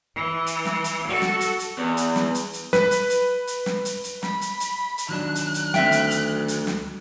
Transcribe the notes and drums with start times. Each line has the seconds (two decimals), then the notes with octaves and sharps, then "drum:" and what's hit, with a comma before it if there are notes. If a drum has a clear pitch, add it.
0.15 E3
0.47 drum: hi-hat
0.65 drum: snare
0.84 drum: hi-hat
1.08 F#4 A4
1.22 drum: snare
1.41 drum: hi-hat
1.59 drum: hi-hat
1.78 E2
1.97 drum: hi-hat
2.16 drum: snare
2.35 drum: hi-hat
2.53 drum: hi-hat
2.73 B4, drum: snare
2.91 drum: hi-hat
3.10 drum: hi-hat
3.47 drum: hi-hat
3.66 drum: snare
3.85 drum: hi-hat
4.04 drum: hi-hat
4.23 B5, drum: snare
4.41 drum: hi-hat
4.60 drum: hi-hat
4.98 drum: hi-hat
5.09 D#3 F#3 D4 F#6
5.35 drum: hi-hat
5.54 drum: hi-hat
5.74 D2 C4 E5 G5, drum: snare
5.92 drum: hi-hat
6.11 drum: hi-hat
6.48 drum: hi-hat
6.67 drum: snare